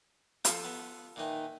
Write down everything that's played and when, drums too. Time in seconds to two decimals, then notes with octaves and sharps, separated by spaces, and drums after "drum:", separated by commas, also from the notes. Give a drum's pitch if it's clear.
0.45 F3 F4 G#4 A4, drum: hi-hat
0.64 B3
1.16 A#2 D#3 E3 D#4